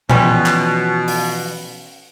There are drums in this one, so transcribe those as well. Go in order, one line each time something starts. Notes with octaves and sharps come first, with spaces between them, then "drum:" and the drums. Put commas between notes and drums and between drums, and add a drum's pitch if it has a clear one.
B2 E3 F3 G3 G#3 C#4, drum: tom A#2
drum: clap
drum: open hi-hat